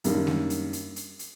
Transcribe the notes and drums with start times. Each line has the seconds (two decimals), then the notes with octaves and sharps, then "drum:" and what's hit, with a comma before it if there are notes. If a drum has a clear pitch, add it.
0.04 F#2 D#3 G3 A#3 D4, drum: hi-hat
0.27 drum: snare G#3
0.50 drum: hi-hat
0.73 drum: hi-hat
0.96 drum: hi-hat
1.19 drum: hi-hat